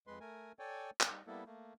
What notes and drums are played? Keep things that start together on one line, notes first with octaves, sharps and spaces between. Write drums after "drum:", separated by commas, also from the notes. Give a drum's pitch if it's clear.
F2 G#3 B4 C6
A3 A#4 G#5
A4 C#5 D5 G5 G#5
drum: clap
G3 D#4
G3 A#3 B3 E4 A4
A3 A#3